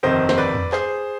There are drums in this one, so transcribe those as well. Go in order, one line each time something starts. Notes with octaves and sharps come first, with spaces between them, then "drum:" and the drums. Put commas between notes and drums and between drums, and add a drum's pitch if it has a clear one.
G1 F2 C3 D#3 C5 D#5
C5, drum: snare
B4 D5
drum: tom E2
G#4 C5, drum: clap